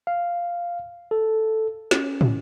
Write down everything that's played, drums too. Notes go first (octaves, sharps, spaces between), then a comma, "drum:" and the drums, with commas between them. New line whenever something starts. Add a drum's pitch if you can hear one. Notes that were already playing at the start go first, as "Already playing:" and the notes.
F5
A4
C#4, drum: snare
drum: tom